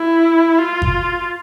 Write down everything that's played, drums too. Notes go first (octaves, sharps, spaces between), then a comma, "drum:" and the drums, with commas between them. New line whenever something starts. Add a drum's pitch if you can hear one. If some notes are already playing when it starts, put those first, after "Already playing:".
Already playing: E4
F4
drum: kick G1